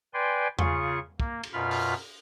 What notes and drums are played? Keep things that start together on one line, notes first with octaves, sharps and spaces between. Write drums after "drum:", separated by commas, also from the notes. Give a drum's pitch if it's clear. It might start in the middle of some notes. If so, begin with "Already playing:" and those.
B4 D5 G5 G#5 C6
C#3 F4 G#4 C#6, drum: tom E2
A#3, drum: kick
drum: cymbal
F#2 B2 F4 B5 F6
drum: open hi-hat